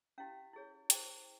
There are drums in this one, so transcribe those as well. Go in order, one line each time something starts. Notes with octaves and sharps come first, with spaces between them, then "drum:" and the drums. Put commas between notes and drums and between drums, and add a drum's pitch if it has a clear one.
C#4 E4 G4 F5
E4 G#4 C#5
E4 G#4 C5 G5, drum: hi-hat